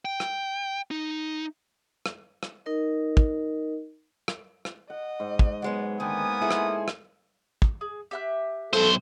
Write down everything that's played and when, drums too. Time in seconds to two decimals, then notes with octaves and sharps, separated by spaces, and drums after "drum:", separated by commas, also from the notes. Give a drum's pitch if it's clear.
0.05 G5
0.20 drum: rim click
0.91 D#4
2.06 drum: rim click
2.43 drum: rim click
2.66 D#4 A#4 D#5
3.17 drum: kick
4.28 drum: rim click
4.65 drum: rim click
4.90 D#5 F#5
5.20 G#2
5.39 drum: kick
5.62 F#3 G#3 B3
6.00 D3 D#3 A#3 B3 G#5 D#6
6.42 E4 G#4 A4 C6
6.51 drum: rim click
6.88 drum: rim click
7.62 drum: kick
7.81 G#4
8.11 G4 E5 F#6
8.73 B1 A4 C5, drum: rim click